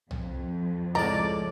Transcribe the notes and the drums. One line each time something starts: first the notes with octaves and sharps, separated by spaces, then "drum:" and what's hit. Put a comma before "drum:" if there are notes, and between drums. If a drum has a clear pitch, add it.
F2, drum: tom B1
C#2 A2 D5 D#5 A5 A#5